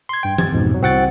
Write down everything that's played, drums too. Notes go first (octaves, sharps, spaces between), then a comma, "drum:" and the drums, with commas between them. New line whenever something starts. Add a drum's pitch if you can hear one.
C6 G#6
G2 G5
G#6 A6, drum: tom E3
A#1 F2 G#2 B2
A2 F#3
C2 C4 F#4 F#5 G5 A6